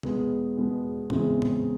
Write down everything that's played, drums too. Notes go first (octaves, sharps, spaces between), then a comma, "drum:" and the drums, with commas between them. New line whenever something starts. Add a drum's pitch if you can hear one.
E2 B2 G#3 B3, drum: tom C3
E2 B2 G#3 B3
E2 C#3 E3 G#3 C4, drum: tom A2
drum: tom A2